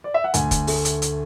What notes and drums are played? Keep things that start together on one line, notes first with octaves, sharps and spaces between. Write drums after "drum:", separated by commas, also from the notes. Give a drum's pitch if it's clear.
D5
E5
F#5
D2 G#5, drum: hi-hat
drum: kick F#1, hi-hat
A3, drum: open hi-hat
drum: hi-hat
drum: hi-hat